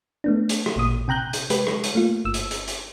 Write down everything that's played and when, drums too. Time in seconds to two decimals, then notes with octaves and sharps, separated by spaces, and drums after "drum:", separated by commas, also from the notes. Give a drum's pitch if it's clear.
0.24 A3 B3 D4
0.49 drum: hi-hat
0.66 drum: rim click
0.76 A1 A#2 D#6
1.08 C3 G5 A#5 F#6 G6
1.33 drum: hi-hat
1.50 G#3 G4 B4, drum: hi-hat
1.67 drum: rim click
1.84 drum: hi-hat
1.95 A3 A#3 F4
2.25 G1 E6
2.34 drum: hi-hat
2.51 drum: hi-hat
2.68 drum: hi-hat